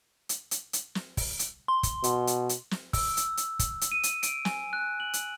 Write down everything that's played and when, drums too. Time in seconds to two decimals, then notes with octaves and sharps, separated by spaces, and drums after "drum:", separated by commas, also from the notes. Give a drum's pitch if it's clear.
0.29 drum: hi-hat
0.51 drum: hi-hat
0.73 drum: hi-hat
0.95 drum: snare
1.17 drum: kick, open hi-hat
1.39 drum: hi-hat
1.68 C6
1.83 drum: kick, hi-hat
2.04 B2, drum: hi-hat
2.27 drum: hi-hat
2.49 drum: hi-hat
2.71 drum: snare
2.93 E6, drum: kick, open hi-hat
3.17 E6, drum: hi-hat
3.37 drum: hi-hat
3.59 drum: kick, hi-hat
3.81 drum: hi-hat
3.92 D#7
4.03 drum: hi-hat
4.23 D7, drum: hi-hat
4.45 G#5, drum: snare
4.73 F#6
5.00 F#7
5.13 drum: hi-hat